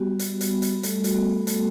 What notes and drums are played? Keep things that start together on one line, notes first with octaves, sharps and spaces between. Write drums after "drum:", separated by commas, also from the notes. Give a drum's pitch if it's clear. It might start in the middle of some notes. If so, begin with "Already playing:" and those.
Already playing: G3 B3 F#4 G4
G3, drum: hi-hat
drum: hi-hat
B3 F#4
drum: hi-hat
G3 A3 A4, drum: hi-hat
F#4, drum: hi-hat
B3 F#4
G3 A3 A4, drum: hi-hat